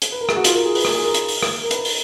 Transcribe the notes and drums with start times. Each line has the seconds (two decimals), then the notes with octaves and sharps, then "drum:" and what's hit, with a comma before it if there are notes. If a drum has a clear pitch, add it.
0.02 drum: hi-hat
0.12 B4
0.21 A#4
0.29 G#4, drum: rim click
0.36 F#4
0.44 F4, drum: hi-hat
0.55 A#4
0.65 G#4
0.75 B4, drum: open hi-hat
0.85 A#4, drum: rim click
0.95 G#4
1.04 A#4
1.14 drum: hi-hat
1.28 drum: open hi-hat
1.43 drum: rim click
1.64 A#4
1.71 B4, drum: hi-hat
1.85 drum: open hi-hat